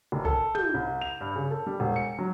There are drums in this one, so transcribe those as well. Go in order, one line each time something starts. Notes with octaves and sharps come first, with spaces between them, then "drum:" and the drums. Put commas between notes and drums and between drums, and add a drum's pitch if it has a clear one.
F1
A4, drum: kick
G6, drum: tom
C2
F7
G2
C#3
A4
G3
E1
C#7
F#3